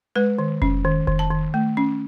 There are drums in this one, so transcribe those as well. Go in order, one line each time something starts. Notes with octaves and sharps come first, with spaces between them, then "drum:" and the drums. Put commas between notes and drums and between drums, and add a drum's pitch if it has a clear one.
G#3 B4
D#3
C#4, drum: kick F1
D#3
D#3, drum: kick F1
A5
D#3
A3
C#4